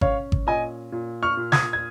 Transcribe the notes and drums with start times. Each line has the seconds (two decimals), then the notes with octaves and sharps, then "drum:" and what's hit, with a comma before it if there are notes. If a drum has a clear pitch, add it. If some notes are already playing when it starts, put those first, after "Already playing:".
0.01 C#4 C#5 F5, drum: kick G#1
0.32 drum: kick G#1
0.47 A#2 D#5 G#5
0.92 A#2
1.23 C#6 F6
1.37 A#2
1.52 D#6 G#6, drum: snare
1.73 G#6